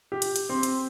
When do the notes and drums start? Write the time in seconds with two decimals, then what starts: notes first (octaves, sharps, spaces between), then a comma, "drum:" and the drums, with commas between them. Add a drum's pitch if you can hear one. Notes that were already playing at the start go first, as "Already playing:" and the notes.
0.12 G4
0.22 drum: hi-hat
0.36 drum: hi-hat
0.49 C4
0.63 drum: hi-hat